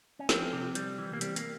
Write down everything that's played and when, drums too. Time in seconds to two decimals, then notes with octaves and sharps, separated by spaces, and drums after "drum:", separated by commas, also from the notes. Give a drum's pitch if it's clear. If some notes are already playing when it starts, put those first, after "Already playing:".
0.19 C#4
0.29 F3 C4, drum: snare
0.53 C3
0.75 G3, drum: hi-hat
0.98 E3
1.13 A#3
1.21 G3 C4, drum: hi-hat
1.36 A#3, drum: hi-hat